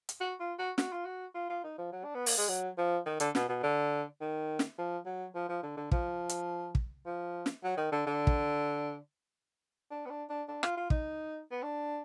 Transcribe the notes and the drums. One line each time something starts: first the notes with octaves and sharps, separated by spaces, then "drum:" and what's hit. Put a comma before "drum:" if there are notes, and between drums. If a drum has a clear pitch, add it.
drum: hi-hat
F#4
F4
F#4
F#4, drum: snare
F4
F#4
F4
F4
D#4
F3
F#3
D4
B3
A#3, drum: open hi-hat
G#3
F#3
F3
D#3
D3, drum: hi-hat
B2, drum: snare
B2
D3
D#3
drum: snare
F3
F#3
F3
F3
D3
D3
F3, drum: kick
drum: hi-hat
drum: kick
F3
drum: snare
F#3
D#3
D3
D3
drum: kick
D4
B3
D4
D4
D4
F4, drum: rim click
F4
D#4, drum: kick
B3
D4